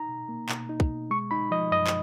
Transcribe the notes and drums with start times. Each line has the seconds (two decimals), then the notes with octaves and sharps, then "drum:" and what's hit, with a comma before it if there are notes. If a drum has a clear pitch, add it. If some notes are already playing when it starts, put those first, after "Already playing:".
Already playing: D#4 A#5
0.09 B2
0.29 A#3
0.49 B2, drum: clap
0.69 D#4
0.80 drum: kick
0.89 B2
1.10 G#3 C#6
1.31 D#4 B5
1.51 F3 D#5
1.71 F#2 D#5
1.87 drum: clap